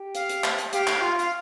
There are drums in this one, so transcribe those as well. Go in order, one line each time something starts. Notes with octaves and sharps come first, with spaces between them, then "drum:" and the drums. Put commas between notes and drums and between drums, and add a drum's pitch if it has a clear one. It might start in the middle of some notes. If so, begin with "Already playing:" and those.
Already playing: G4
F5, drum: hi-hat
drum: hi-hat
drum: clap
drum: hi-hat
G4 F5, drum: hi-hat
drum: clap
F4
F5, drum: hi-hat